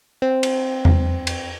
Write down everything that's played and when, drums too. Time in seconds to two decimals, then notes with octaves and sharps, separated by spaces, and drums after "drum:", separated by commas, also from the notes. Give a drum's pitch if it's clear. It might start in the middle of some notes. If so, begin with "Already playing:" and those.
0.22 C4
0.43 drum: cymbal
0.85 drum: tom E2
1.27 drum: cymbal